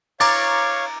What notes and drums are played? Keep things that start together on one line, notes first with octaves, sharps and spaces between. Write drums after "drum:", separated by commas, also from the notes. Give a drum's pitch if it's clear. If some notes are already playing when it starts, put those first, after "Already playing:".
C#5 F5 A#5 C#6 D6 A6, drum: cymbal